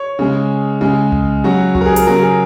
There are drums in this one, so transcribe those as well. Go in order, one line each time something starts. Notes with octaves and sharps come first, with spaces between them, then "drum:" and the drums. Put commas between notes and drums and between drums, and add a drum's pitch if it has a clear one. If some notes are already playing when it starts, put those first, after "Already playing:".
Already playing: C#5
C#3 G#3
C#3 G#3
drum: tom C2
C#3 F#3 F#4
F#4, drum: tom C2
A#4
G#4
A#4, drum: hi-hat
C#3 F#3 A#4
G#4